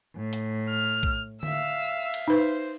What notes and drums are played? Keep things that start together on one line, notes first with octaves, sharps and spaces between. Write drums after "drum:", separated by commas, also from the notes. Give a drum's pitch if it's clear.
A2
drum: hi-hat
F6
drum: kick A#1
E5 F5 E6, drum: tom D3
drum: cymbal
D#4 B4 C5